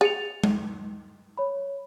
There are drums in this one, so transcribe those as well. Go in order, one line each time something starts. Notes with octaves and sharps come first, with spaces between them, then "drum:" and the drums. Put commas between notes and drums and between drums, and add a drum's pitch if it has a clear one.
G#4 A6 C#7 F7
drum: tom G#3
C#5 B5